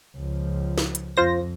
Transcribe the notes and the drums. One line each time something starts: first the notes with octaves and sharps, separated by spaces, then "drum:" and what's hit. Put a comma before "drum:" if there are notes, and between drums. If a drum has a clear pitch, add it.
C#2 F3
drum: snare
drum: hi-hat
F2 F4 C5 A#6